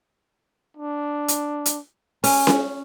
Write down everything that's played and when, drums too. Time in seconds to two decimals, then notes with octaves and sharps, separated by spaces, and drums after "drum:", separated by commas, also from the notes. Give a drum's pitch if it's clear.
0.77 D4
1.28 drum: hi-hat
1.66 drum: hi-hat
2.24 C#4 G#5, drum: open hi-hat
2.47 drum: snare C#4